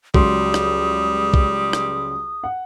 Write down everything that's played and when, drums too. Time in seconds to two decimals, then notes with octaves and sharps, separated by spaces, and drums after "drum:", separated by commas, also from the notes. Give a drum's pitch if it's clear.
0.14 C#2 F#3 G3 C6 D#6, drum: kick B1
0.54 drum: rim click
1.34 drum: kick B1
1.73 drum: rim click
2.44 F#5